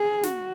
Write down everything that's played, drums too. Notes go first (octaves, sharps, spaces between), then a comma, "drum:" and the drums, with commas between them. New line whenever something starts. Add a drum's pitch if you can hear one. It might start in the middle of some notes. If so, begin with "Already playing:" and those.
Already playing: G#4
F#4, drum: snare